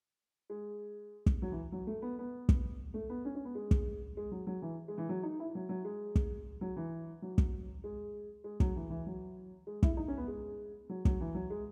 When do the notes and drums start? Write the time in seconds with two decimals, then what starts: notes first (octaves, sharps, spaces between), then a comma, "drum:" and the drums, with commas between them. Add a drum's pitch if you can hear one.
0.50 G#3
1.26 drum: kick
1.42 F#3
1.52 E3
1.72 F#3
1.87 A3
2.02 B3
2.19 B3
2.49 drum: kick
2.94 A3
3.10 B3
3.25 C#4
3.35 C#4
3.45 B3
3.55 G#3
3.71 drum: kick
4.17 G#3
4.31 F#3
4.47 F#3
4.62 E3
4.88 G#3
4.98 E3
5.09 F#3
5.23 D#4
5.40 E4
5.55 F#3
5.69 F#3
5.85 G#3
6.15 drum: kick
6.61 F#3
6.76 E3
7.22 F#3
7.38 drum: kick
7.84 G#3
8.44 G#3
8.60 F#3, drum: kick
8.76 E3
8.90 E3
9.06 F#3
9.67 G#3
9.83 E4, drum: kick
9.97 D#4
10.08 C#4
10.17 B3
10.28 G#3
10.89 F#3
11.05 F#3, drum: kick
11.20 E3
11.35 F#3
11.50 G#3